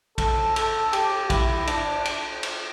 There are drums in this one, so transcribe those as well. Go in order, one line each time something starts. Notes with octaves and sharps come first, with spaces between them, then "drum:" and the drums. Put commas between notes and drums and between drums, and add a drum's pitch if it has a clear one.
A4, drum: kick A#1, cymbal
A4, drum: cymbal
G4, drum: cymbal
E4, drum: kick A#1, cymbal
D4, drum: cymbal
drum: cymbal
drum: cymbal